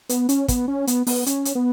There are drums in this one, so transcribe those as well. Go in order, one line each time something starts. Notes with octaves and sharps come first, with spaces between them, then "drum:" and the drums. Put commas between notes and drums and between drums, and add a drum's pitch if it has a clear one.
B3, drum: hi-hat
C#4, drum: hi-hat
B3, drum: kick, hi-hat
C#4
B3, drum: hi-hat
B3, drum: open hi-hat
C#4, drum: hi-hat
drum: hi-hat
B3